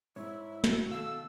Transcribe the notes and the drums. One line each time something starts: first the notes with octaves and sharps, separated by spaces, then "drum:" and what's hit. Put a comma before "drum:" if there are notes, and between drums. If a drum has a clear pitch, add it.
G#2 E4 C#5
B2, drum: snare
D#3 A4 F5 E6